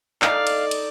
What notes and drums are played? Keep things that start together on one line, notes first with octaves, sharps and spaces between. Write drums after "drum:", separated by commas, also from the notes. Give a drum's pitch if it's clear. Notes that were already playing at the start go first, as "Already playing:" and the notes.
D#4 A4 D5 D#5 F5, drum: clap
drum: cymbal
drum: cymbal